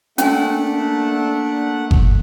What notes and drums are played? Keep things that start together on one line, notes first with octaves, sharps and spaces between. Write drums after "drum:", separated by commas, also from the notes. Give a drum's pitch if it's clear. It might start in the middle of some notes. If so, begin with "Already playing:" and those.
A3 A#3 C#4 D4 F#5 G#5, drum: hi-hat
drum: kick G1